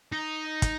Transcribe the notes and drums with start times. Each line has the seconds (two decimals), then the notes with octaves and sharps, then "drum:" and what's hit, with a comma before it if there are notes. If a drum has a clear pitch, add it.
0.12 D#4
0.62 drum: kick, hi-hat